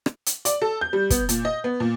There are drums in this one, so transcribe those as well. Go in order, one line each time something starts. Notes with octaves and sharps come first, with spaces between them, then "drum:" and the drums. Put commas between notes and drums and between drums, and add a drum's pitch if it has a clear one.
drum: rim click
drum: hi-hat
D5, drum: hi-hat
A4
G6
G3
B3, drum: kick, hi-hat
A#2, drum: hi-hat
D#5
B3
A#2